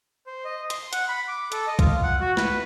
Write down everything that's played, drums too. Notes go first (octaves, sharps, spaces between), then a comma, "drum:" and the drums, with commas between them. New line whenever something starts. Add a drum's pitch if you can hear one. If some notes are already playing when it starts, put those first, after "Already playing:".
C5
D#5
C6, drum: hi-hat
F#5, drum: hi-hat
B5
D6
A4, drum: hi-hat
D#5
F4, drum: kick, hi-hat
F#5
F#4
B4, drum: snare